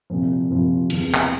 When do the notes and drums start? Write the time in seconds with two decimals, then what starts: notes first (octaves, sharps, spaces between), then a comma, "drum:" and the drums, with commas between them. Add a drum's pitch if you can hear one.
0.10 C2 A#2 F3
0.50 C2 A#2 F3
0.90 F#1 E2 C3, drum: cymbal
1.14 drum: clap